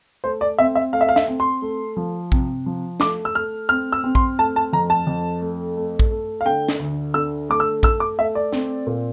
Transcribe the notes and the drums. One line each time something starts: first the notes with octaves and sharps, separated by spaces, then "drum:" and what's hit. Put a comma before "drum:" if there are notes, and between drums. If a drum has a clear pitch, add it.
A3 C5
D5
C4 E5
E5
A3 F5
E5
F5
E5, drum: snare
C4
C6
A3
F3
C3, drum: kick A#1
F3
A3 D6, drum: snare
E6
A3 F6
C4 F6
E6
C4
C6, drum: kick A#1
A3 A5
A5
F2 A#5
A5
F2
A3
A3
drum: kick A#1
A3
F5
D3 G5
drum: snare
D2
D3 E6
A3 D6
E6
A3 E6, drum: kick A#1
D6
A3 E5
D5
C4, drum: snare
A#2